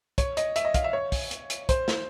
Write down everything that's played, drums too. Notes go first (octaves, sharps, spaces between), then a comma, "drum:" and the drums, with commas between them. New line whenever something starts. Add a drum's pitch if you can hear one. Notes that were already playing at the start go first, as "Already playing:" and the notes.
C#5, drum: kick, hi-hat
D#5, drum: hi-hat
E5, drum: hi-hat
D#5
F5, drum: kick, hi-hat
E5
C#5
drum: kick, open hi-hat
drum: hi-hat
drum: hi-hat
C5, drum: kick, hi-hat
drum: snare